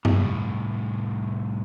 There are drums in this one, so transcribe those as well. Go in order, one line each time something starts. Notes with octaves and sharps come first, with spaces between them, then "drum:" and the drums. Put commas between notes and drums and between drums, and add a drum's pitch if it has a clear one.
C2 A2, drum: tom G2